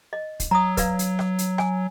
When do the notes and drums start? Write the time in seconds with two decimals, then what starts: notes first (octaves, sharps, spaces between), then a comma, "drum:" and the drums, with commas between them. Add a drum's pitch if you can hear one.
0.13 D#5
0.40 drum: kick, hi-hat
0.51 F#3 A#5 D#6
0.77 B4 D5 F5, drum: kick, hi-hat
0.99 drum: hi-hat
1.19 drum: rim click
1.38 drum: hi-hat
1.58 G#5, drum: rim click